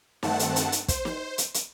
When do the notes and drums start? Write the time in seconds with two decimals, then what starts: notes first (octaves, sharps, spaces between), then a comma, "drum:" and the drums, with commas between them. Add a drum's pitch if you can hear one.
0.23 G2 D#3 A3 C4 F#5 A5, drum: snare
0.39 drum: hi-hat
0.56 drum: hi-hat
0.72 drum: hi-hat
0.88 C5, drum: kick, hi-hat
1.05 drum: snare
1.38 drum: hi-hat
1.54 drum: hi-hat